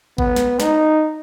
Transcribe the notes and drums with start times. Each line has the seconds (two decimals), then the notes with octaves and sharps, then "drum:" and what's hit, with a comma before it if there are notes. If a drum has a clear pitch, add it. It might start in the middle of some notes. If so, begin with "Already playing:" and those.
0.18 B3, drum: kick
0.36 drum: snare
0.60 D#4, drum: snare